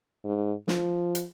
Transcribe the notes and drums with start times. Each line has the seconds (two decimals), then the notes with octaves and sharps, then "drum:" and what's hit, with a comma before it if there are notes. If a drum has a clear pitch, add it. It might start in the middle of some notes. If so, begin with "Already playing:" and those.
0.24 G#2
0.68 F3, drum: snare
1.15 drum: hi-hat